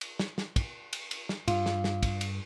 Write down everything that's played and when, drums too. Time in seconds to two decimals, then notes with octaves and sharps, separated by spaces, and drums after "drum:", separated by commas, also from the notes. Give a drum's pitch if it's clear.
0.01 drum: cymbal
0.19 drum: snare
0.38 drum: snare
0.56 drum: kick, cymbal
0.93 drum: cymbal
1.11 drum: cymbal
1.29 drum: snare
1.48 G2 F4, drum: cymbal
1.66 drum: snare
1.84 drum: snare
2.03 drum: kick, cymbal
2.21 drum: cymbal